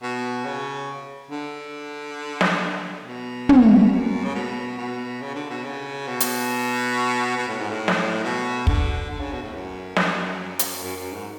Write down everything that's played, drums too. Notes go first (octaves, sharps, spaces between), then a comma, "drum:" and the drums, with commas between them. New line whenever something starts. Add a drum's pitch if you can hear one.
B2
C#3
D3
drum: snare
B2
drum: tom
F#2
C#3
B2
B2
C#3
D3
B2
C#3
B2
drum: hi-hat
B2
A2
G#2
A2
drum: snare
B2
D3, drum: kick
D3
C#3
B2
A2
F#2
F#2, drum: snare
drum: hi-hat
F#2
F#2
G#2